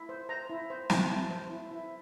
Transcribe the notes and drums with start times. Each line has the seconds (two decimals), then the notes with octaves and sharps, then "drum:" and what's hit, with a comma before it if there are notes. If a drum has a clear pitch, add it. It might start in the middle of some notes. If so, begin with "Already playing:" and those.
Already playing: E4
0.09 C5
0.29 C5 A#5
0.50 E4
0.70 C5
0.90 C5, drum: snare
1.10 E4 A5
1.31 C5
1.50 E4
1.71 E4